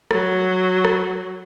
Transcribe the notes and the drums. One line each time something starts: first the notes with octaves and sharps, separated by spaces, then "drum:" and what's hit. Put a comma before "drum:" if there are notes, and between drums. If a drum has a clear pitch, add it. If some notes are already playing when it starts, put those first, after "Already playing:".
F#3, drum: rim click
drum: rim click